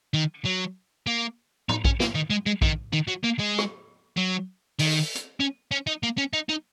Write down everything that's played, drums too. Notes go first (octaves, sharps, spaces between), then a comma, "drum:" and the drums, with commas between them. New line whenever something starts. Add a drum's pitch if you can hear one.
D#3
F#3
A#3
D#4, drum: tom
C#4, drum: kick A#1
A#3, drum: snare
D#3
G#3
G#3
D#3, drum: kick A#1
D#3
F#3
A#3
G#3
drum: rim click
F#3
D#3, drum: open hi-hat
drum: hi-hat
C#4
C#4
D#4
A#3
C#4
D#4
D#4